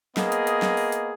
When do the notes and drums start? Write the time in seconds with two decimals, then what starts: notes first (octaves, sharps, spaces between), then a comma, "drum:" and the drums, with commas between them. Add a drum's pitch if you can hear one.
0.17 A#3 B3 G#4 D#5, drum: snare
0.32 drum: hi-hat
0.47 drum: hi-hat
0.62 drum: snare
0.77 drum: open hi-hat
0.92 drum: hi-hat